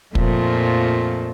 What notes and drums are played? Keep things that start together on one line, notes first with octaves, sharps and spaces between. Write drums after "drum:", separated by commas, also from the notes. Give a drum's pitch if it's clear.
F2 A#2 F3 A3, drum: kick